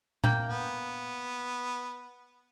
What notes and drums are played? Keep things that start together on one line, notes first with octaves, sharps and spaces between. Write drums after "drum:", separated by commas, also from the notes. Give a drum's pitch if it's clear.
A#3 G5, drum: tom A#2
B3